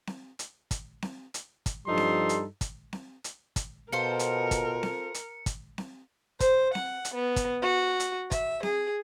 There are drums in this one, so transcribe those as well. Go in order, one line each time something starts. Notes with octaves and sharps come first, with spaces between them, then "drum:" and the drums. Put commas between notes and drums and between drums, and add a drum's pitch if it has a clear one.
drum: snare C4
drum: hi-hat
drum: kick, hi-hat
drum: snare C4
drum: hi-hat
drum: kick, hi-hat
G2 F3 G3 D#4 A4 C6
drum: snare C4
drum: hi-hat
drum: kick, hi-hat
drum: snare C4
drum: hi-hat
drum: kick, hi-hat
B2 F4 A4 A#4 C5 C#7
drum: hi-hat
drum: kick, hi-hat
drum: snare C4
drum: hi-hat
drum: kick, hi-hat
drum: snare C4
C5, drum: kick, hi-hat
F#5, drum: snare C4
drum: hi-hat
B3
drum: kick, hi-hat
F#4
drum: hi-hat
E5, drum: kick, hi-hat
G#4, drum: snare C4